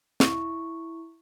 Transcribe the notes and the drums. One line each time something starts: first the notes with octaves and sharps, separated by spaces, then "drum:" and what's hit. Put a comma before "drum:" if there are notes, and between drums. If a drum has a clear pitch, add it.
E4 C#6, drum: snare